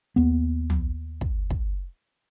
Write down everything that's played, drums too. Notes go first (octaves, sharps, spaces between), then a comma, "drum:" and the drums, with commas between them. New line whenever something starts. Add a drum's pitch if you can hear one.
D#2 B3
drum: tom
drum: kick
drum: kick